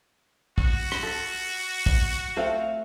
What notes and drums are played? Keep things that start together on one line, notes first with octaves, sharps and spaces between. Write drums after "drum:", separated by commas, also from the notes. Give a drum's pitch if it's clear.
F#4, drum: kick
drum: rim click
A4
drum: kick
A3 C4 F5